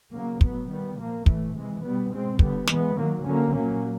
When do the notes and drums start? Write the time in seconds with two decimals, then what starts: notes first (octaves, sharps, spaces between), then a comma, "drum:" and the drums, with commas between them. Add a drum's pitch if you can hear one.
0.12 C#3 F#3 A#3
0.41 A2 F#3 B3, drum: kick
0.69 D#3 G3 B3
0.98 A#2 F3 A#3
1.26 A2 E3 A3, drum: kick
1.54 C3 E3 G#3
1.83 B2 G3 B3
2.11 B2 G#3 C4
2.39 D3 G3 B3, drum: kick
2.67 E3 G#3 B3, drum: snare
2.97 D#3 F#3 A#3
3.24 D3 F#3 A#3 C#4
3.53 A#2 F#3 A#3 C#4